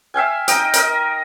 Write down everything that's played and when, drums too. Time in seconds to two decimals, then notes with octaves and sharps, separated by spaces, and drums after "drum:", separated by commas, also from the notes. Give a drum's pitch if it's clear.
0.14 E5 F5 G5 G#5
0.48 D#4 D#5 G5 D#6, drum: hi-hat
0.73 D#4 A#4 D#5, drum: hi-hat